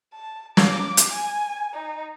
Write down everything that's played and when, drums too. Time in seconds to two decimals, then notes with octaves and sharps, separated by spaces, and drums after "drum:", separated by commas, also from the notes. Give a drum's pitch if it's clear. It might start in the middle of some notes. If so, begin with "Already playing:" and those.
0.13 A5
0.57 D6, drum: snare
0.97 drum: hi-hat
1.12 G#5
1.74 D#4